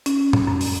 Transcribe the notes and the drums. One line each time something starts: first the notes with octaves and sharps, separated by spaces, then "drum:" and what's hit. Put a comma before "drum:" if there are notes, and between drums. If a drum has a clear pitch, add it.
C#4, drum: hi-hat
drum: tom A2
F#2
drum: open hi-hat